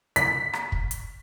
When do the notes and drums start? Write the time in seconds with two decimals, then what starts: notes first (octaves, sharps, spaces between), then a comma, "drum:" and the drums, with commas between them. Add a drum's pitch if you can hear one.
0.16 B6, drum: hi-hat
0.53 drum: rim click
0.72 drum: kick
0.91 drum: hi-hat